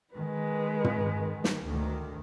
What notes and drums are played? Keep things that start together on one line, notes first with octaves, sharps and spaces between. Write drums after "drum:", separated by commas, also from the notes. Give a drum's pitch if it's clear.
D#3 G#3 B4
drum: tom
drum: snare
D2 D#3